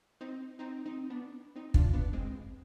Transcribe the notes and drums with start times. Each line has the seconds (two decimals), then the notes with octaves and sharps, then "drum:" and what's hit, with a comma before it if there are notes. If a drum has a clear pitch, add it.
0.21 C4 D#4
0.59 C4 D#4
0.86 C4 D#4
1.10 B3 D4
1.56 C4 D#4
1.74 D4 F4, drum: kick
1.93 B3 D4
2.13 G#3 C4